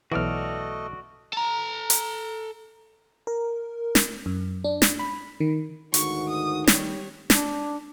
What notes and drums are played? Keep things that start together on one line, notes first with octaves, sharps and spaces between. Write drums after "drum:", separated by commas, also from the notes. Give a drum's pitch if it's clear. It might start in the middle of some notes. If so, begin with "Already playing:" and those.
B1 E3 A3 F#4 A4 D5 D#5 F6
A4 A#5
drum: hi-hat
A#4
drum: snare
F#2
D4
drum: snare
B5
D#3
D2 G#2 D#3 F#4 C#6, drum: hi-hat
D#6
G3 C#5, drum: snare
D4, drum: snare